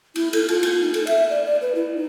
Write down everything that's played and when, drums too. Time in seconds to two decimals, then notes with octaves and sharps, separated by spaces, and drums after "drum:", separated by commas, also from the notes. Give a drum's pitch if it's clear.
0.16 E4, drum: cymbal
0.33 A4, drum: cymbal
0.49 F4, drum: cymbal
0.63 drum: cymbal
0.81 D#4
0.94 A4, drum: cymbal
1.07 E5, drum: cymbal
1.30 D5
1.45 D5
1.62 B4
1.75 E4
1.95 D#4